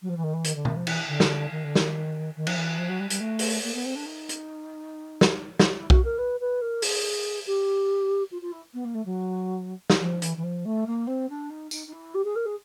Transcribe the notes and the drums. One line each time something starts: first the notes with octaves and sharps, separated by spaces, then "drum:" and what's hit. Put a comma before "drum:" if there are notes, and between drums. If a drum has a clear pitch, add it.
F#3
F3
E3
D#3
E3
D#3, drum: hi-hat
D3
D#3, drum: tom B2
F3
E3, drum: cymbal
D3
drum: snare
D#3
D3
D#3, drum: snare
D#3
F3, drum: cymbal
E3
F3
F#3
G3
G3, drum: hi-hat
A3
drum: open hi-hat
A#3
B3
C4
D4
D#4
drum: hi-hat
drum: snare
drum: snare
E4
F#4, drum: kick B1
A#4
B4
B4
A#4
G#4, drum: open hi-hat
G4
F4
F4
E4
B3
A#3
A3
F#3
drum: snare
F3
E3, drum: hi-hat
E3
F3
A3
A#3
C4
D4
D#4
D#4, drum: tambourine
D#4
E4
G4
G#4
A#4
G#4